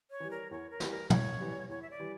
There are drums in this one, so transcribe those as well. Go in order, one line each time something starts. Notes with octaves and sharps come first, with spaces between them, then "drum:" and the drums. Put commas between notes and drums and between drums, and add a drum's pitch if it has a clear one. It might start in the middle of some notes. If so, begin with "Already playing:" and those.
C#5
E3 G3
A#4
E2 C#5
A#4
E3 G3, drum: snare
A#4
E2 C#5, drum: tom
E3 G3
E2 C#5
E5
D5
E3 G3